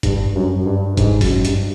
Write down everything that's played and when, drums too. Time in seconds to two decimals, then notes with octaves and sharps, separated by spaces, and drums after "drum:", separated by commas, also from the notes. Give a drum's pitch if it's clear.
0.03 G2, drum: kick F1, hi-hat
0.35 F#2
0.55 F#2
0.66 G2
0.97 G#2, drum: kick F1, hi-hat
1.21 F#2, drum: kick F1, open hi-hat
1.45 G2, drum: hi-hat